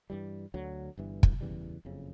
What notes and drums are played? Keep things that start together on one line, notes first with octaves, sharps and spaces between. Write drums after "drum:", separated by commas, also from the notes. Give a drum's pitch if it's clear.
G2 E3 G3
D2 D3 F#3
G1 G2 E3
drum: kick
E2 C#3 E3 G3
F#1 F2 C#3